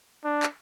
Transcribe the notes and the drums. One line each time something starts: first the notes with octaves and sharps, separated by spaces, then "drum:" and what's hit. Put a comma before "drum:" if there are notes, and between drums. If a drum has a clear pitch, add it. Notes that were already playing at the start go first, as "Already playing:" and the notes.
D4
drum: clap